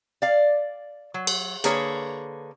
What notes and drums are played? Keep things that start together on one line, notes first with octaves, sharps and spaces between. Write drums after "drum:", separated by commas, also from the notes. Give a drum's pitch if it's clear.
D5 F5
F#3
drum: cymbal
D3 A#3 G#4 B4 C#5, drum: hi-hat